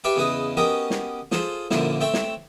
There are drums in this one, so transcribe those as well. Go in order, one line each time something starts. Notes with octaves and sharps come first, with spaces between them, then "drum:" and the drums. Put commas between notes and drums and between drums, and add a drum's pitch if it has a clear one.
G4 B4 D5 E5 F5 G5
E2 C#3 E4 B4 D#5
B3 C#4 F#4 G4 A#4 D#5
drum: snare
F4 G#4 A4 C5 F5, drum: snare
F#2 A#2 D3 F3 A#3 E4, drum: snare
A3 C4 C#5 E5 G5 A5
drum: snare